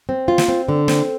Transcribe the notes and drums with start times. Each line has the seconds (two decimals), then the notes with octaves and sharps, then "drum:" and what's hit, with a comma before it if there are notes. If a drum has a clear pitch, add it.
0.09 C4
0.28 F4
0.38 drum: snare
0.48 C4
0.68 D3
0.88 C4, drum: snare